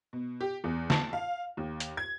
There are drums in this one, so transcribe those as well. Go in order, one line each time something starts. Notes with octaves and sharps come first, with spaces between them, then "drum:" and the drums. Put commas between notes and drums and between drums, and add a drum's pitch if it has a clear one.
B2
G4
E2
A5, drum: snare
F5
D#2
drum: hi-hat
G#6